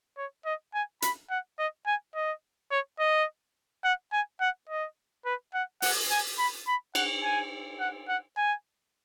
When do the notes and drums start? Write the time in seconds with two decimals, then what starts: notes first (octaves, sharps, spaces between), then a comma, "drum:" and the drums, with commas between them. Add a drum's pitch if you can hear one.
0.18 C#5
0.46 D#5
0.74 G#5
1.02 B5, drum: hi-hat
1.30 F#5
1.59 D#5
1.87 G#5
2.15 D#5
2.71 C#5
3.00 D#5
3.84 F#5
4.13 G#5
4.41 F#5
4.69 D#5
5.26 B4
5.54 F#5
5.82 F#5, drum: open hi-hat
6.11 G#5
6.39 B5
6.67 B5
6.95 F#5, drum: cymbal
7.24 G#5
7.80 F#5
8.08 F#5
8.37 G#5